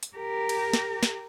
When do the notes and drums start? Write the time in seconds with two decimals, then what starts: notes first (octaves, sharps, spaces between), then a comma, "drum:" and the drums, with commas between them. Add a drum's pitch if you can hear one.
0.03 drum: hi-hat
0.17 G4 A#4
0.49 drum: cymbal
0.73 drum: snare
1.03 drum: snare